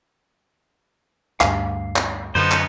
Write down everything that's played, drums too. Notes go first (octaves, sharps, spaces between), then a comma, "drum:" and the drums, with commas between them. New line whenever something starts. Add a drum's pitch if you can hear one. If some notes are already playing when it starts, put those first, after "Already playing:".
D2 G2 F5, drum: clap
drum: clap
F#2 D3 F3 B3 D#4 C5
drum: clap